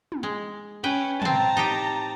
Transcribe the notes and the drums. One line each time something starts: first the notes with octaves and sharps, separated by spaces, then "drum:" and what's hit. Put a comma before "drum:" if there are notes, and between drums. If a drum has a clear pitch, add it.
drum: tom
G#3
C#4 B4 G5
A2 C4 A5 A#5, drum: tom
D#4 G4 G5